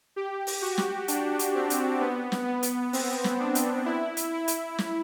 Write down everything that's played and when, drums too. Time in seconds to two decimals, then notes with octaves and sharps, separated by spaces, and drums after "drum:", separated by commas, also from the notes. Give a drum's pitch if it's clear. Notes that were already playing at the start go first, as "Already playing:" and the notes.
0.16 G4
0.47 drum: open hi-hat
0.62 F#4
0.78 drum: snare
1.08 D4, drum: hi-hat
1.39 drum: hi-hat
1.55 C4
1.70 drum: hi-hat
2.01 B3
2.32 drum: snare
2.47 B3
2.63 drum: hi-hat
2.93 C4, drum: open hi-hat
3.24 drum: snare
3.40 D4
3.55 drum: hi-hat
3.86 E4
4.17 drum: hi-hat
4.32 E4
4.48 drum: hi-hat
4.78 drum: snare